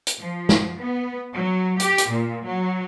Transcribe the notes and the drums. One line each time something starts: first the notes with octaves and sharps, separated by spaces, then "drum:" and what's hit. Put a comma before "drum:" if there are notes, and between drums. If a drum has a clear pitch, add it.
drum: hi-hat
F3
drum: snare
B3
F#3
G4, drum: hi-hat
drum: hi-hat
A#2
F#3